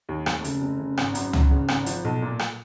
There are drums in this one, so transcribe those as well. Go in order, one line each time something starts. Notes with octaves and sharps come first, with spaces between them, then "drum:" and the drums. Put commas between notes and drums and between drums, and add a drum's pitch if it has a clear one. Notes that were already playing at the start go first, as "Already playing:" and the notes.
D#2
F1, drum: rim click
C#3, drum: hi-hat
F1
C#3
G#1, drum: rim click
F#2, drum: hi-hat
G#1, drum: tom
C#3
G#1, drum: rim click
F3, drum: hi-hat
B1
A#2
drum: rim click